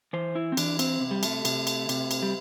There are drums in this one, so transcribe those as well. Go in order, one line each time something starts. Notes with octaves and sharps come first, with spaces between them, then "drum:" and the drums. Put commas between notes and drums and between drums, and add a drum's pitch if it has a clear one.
E3 C5
E4
C4
E3 D4, drum: cymbal
C4, drum: cymbal
C3
G3
A3, drum: cymbal
C3, drum: cymbal
drum: cymbal
C3, drum: cymbal
drum: cymbal
G3